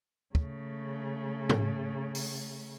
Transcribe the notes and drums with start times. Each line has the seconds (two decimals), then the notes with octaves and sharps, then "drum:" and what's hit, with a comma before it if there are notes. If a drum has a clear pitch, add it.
0.35 C#3 A3, drum: kick
1.49 drum: tom G#2
2.15 drum: open hi-hat